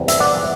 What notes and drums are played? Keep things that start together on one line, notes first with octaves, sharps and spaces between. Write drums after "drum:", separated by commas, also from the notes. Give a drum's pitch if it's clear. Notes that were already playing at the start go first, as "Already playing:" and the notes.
Already playing: E2 C3 G3
E5, drum: hi-hat
D5 F#5